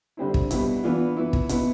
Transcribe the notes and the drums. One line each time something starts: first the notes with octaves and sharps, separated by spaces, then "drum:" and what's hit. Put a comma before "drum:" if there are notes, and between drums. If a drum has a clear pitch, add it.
D3 G3 C4 E4
drum: kick
B2 G3 B3 E4, drum: hi-hat
E3 B3 D4 F4
E3 B3 E4
drum: kick
B2 B3 E4, drum: hi-hat